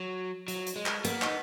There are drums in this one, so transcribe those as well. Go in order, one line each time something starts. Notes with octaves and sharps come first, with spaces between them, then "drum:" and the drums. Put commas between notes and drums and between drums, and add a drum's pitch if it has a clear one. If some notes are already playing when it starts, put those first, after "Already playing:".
Already playing: F#3
F#3, drum: hi-hat
drum: hi-hat
G#3
drum: clap
A#3 B3, drum: hi-hat
D#4, drum: clap